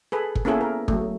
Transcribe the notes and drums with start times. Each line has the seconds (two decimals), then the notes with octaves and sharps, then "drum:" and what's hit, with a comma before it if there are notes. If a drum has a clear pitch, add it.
0.12 G#4 A4 B4
0.36 drum: kick
0.45 A#3 B3 C#4 E4 G#4 A4
0.61 A#4
0.88 F#3 A3, drum: kick